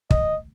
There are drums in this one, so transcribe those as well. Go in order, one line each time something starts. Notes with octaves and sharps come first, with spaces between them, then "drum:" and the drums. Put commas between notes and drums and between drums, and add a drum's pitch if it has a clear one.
D#5, drum: kick